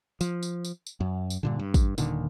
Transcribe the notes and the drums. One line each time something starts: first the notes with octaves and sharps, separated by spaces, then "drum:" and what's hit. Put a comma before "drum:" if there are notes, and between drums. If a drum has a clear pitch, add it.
F3, drum: tambourine
drum: tambourine
drum: tambourine
drum: tambourine
F#2
drum: tambourine
G2 A#2 D3
G2
drum: kick, tambourine
D#1 A#2 D3 D#3, drum: tambourine